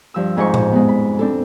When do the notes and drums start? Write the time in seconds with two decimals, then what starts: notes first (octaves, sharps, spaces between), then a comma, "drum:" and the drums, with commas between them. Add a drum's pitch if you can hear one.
0.14 G2 F3 E6
0.36 F2 G#2 C5 C#6
0.54 drum: tom A2
0.72 G#3 B3
0.88 B5
1.19 C4 D4 A4